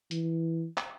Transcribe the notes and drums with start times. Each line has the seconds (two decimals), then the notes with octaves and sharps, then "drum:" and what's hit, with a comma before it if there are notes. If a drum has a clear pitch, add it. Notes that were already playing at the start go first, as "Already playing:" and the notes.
0.11 E3, drum: hi-hat
0.77 drum: clap